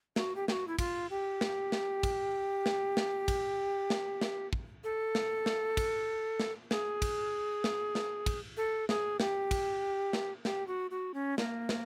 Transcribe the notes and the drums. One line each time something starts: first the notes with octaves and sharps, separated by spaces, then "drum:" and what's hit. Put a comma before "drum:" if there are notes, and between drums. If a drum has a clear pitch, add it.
F#4, drum: snare
G4
G4, drum: snare
F#4
E4
F4, drum: kick, cymbal
G4
drum: snare
drum: snare
drum: kick, cymbal
drum: snare
drum: snare
drum: kick, cymbal
drum: snare
drum: snare
drum: kick
A4
drum: snare
drum: snare
drum: kick, cymbal
drum: snare
G#4, drum: snare
drum: kick, cymbal
drum: snare
drum: snare
drum: kick, cymbal
A4
G#4, drum: snare
G4, drum: snare
drum: kick, cymbal
drum: snare
G4, drum: snare
F#4
F#4
C#4
A#3, drum: snare
drum: snare